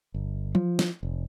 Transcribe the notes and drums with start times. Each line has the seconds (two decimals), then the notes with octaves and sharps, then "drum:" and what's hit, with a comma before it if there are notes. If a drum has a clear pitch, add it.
0.14 G1
0.55 F3, drum: tom F3
0.79 drum: snare
1.03 F1